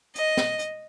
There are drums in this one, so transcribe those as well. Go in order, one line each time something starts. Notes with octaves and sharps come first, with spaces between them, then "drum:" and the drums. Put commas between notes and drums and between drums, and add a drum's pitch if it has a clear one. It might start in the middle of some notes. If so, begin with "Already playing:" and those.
D#5, drum: hi-hat
drum: snare
drum: hi-hat